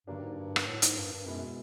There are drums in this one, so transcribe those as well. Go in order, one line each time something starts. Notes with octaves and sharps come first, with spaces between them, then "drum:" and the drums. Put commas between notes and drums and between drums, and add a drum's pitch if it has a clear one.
G2 D3 F#3 A#3 D4 G4
G#2
G2
drum: rim click
A2
G#2, drum: hi-hat
G2
G2
F#2 B2 G#3 B3 E4